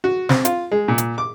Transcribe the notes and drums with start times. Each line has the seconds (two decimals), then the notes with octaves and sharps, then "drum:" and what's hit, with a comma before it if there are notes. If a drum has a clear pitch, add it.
0.04 F#4
0.29 C4, drum: snare
0.45 F4, drum: hi-hat
0.71 G#3
0.88 A#2
0.98 drum: hi-hat
1.18 D6